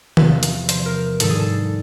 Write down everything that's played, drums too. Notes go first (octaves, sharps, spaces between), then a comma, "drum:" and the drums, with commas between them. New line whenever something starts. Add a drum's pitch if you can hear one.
E2 C3 F3 B4, drum: tom D#3
drum: hi-hat
C5, drum: hi-hat
A#4
G#2 D#3 G3 A4, drum: hi-hat
G#4
A4